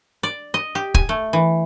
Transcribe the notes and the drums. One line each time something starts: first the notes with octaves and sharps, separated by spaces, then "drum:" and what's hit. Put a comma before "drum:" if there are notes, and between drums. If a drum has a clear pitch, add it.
D5
D#5
G4
G#5, drum: kick
A3
E3